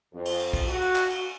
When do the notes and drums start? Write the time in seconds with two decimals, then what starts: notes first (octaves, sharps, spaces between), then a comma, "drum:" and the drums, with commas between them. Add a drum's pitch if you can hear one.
0.14 F2
0.25 drum: cymbal
0.39 drum: cymbal
0.53 drum: kick, cymbal
0.67 F#4, drum: cymbal
0.82 drum: cymbal
0.96 drum: clap
1.10 drum: cymbal